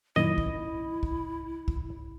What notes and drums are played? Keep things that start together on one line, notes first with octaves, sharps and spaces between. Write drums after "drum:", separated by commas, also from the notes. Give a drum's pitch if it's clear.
F#2 A#2 D#3 E4 D#5
drum: kick
drum: kick
drum: kick